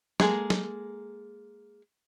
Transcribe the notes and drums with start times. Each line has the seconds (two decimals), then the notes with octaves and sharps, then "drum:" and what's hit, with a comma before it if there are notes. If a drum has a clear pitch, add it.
0.20 G#3 A#3 G#4 A4, drum: snare F#3
0.50 drum: snare F#3